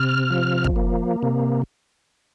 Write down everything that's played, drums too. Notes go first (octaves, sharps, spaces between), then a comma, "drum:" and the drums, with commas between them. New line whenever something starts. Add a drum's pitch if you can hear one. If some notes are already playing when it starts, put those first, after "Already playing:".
Already playing: C3 F6
F3
drum: kick
A#3
C3